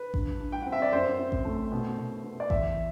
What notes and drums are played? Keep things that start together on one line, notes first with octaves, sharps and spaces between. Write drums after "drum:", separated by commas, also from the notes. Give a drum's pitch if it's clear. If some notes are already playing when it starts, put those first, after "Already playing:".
Already playing: B4
G2, drum: kick A1
G2
G5
C4 F#5
E5
D5
F#2 C5
C4
drum: kick A1
A3
B2
B2
B3
D5
E2 E5, drum: kick A1